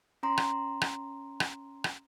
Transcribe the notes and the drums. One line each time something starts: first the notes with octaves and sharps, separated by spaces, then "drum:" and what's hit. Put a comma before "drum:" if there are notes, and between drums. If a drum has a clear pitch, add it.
C#4 A#5 C6
drum: rim click
drum: rim click
drum: rim click
drum: rim click